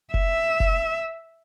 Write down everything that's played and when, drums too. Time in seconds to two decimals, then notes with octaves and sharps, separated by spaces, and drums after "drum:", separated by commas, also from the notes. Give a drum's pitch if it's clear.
0.14 E5, drum: kick F1
0.60 drum: kick F1